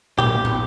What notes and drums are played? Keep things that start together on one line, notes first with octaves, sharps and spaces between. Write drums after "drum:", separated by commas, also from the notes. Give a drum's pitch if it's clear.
G4, drum: tom A#2
drum: tom